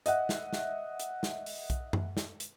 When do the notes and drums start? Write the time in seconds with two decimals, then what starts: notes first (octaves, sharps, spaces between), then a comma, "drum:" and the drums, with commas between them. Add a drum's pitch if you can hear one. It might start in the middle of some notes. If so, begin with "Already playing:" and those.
0.06 D#5 E5 F#5, drum: hi-hat
0.29 drum: snare
0.53 drum: snare
0.99 drum: hi-hat
1.23 drum: snare
1.46 drum: open hi-hat
1.70 drum: kick B1, hi-hat
1.93 drum: tom F#2
2.17 drum: snare
2.40 drum: hi-hat